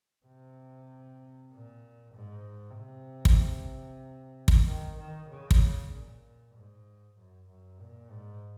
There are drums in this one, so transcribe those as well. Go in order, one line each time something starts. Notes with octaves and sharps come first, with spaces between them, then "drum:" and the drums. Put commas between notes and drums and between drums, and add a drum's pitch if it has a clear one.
C3
A#2
G#2
C3
drum: kick
drum: kick
D#3
D#3
C#3
drum: kick
A#2
G#2
F#2
F#2
A#2
G#2